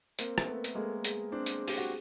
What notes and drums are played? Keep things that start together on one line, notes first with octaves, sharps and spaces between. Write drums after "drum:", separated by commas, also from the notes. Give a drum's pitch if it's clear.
A#3 C4 A#4, drum: hi-hat
C4 A4, drum: rim click
A3 B3 A#4
A3, drum: hi-hat
G#3 A#3 A4
G#4, drum: hi-hat
C4 D4
drum: hi-hat
G4, drum: open hi-hat
F#4